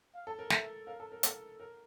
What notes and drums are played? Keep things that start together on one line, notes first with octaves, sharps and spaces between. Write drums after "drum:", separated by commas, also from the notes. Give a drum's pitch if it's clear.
F5
A4
A#4
A4 E5, drum: snare
A#4 F5
A4
A#4
A4 F5, drum: hi-hat
A#4